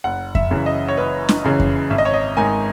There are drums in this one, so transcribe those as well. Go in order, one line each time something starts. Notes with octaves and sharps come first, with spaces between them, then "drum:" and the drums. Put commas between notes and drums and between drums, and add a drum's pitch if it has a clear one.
F#1 F#5
E5, drum: kick F2
F#2 C#3 E3
D#5
C#5
F#1 B4
drum: snare
F#2 C#3 E3
drum: kick F2
G#1 E5
D#5
C#5
D#5
G#2 D#3 G#5